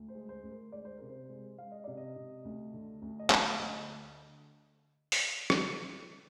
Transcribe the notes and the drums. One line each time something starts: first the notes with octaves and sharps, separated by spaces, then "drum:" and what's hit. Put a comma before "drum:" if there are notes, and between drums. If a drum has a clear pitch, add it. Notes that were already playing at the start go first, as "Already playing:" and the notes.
Already playing: D2
C5
G#3
C5
D2
A#4
G#3 D5
C5
C3 A#4
C5
G#3
G#3 F5
D#5
C3 D5
D#5
C3
D2
D3
D2
D#5
D2 F5, drum: clap
D3 D#5
drum: open hi-hat
drum: rim click